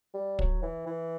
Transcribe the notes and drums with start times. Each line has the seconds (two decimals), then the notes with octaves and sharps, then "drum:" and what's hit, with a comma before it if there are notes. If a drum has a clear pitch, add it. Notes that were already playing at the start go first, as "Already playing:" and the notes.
0.14 G3
0.39 F#3, drum: kick
0.62 E3
0.87 E3